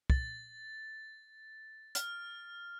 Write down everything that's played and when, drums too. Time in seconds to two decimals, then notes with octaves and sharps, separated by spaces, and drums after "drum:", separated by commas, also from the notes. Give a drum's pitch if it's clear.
0.10 A6, drum: kick
1.95 F6, drum: hi-hat